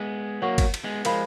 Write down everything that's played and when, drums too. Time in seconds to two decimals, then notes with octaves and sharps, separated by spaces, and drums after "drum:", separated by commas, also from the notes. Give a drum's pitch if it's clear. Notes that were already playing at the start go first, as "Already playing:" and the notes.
Already playing: G#3 B3
0.42 F#3 A#3 A#4 C#5 F#5 C#6
0.58 drum: kick, cymbal
0.74 drum: cymbal
0.84 G#3 B3
1.05 F3 G#3 A#4 F5 B5, drum: cymbal